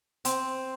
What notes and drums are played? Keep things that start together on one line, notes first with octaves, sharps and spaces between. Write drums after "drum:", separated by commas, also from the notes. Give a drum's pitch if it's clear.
C4, drum: hi-hat